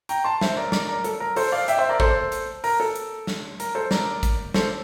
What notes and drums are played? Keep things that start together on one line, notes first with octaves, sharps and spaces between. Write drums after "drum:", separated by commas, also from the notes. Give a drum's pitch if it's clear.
G5 A#5, drum: hi-hat
A5 C6
C5 E5, drum: snare
A#4 D5
A#4 D5, drum: snare
A#4
A4, drum: hi-hat
A#4
A4 C5, drum: open hi-hat
D5 F5
E5 G5, drum: hi-hat
C5 E5
A#4 D5
A4 C5, drum: kick A1
drum: hi-hat
A#4, drum: open hi-hat
A4
drum: hi-hat
drum: snare
A#4, drum: hi-hat
A4 C5
A#4 D5, drum: snare
drum: kick A1, hi-hat
A4 C5, drum: snare